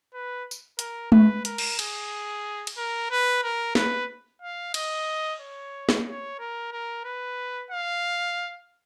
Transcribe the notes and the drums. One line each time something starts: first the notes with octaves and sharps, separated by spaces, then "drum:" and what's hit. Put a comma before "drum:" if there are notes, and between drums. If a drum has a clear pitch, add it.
B4
drum: tambourine
A#4, drum: hi-hat
B4, drum: tom G#3
A#4, drum: hi-hat
drum: cymbal
G#4, drum: cymbal
drum: cymbal
A#4
B4
A#4
B4, drum: snare
F5
D#5, drum: cymbal
C#5
drum: snare
C#5
A#4
A#4
B4
F5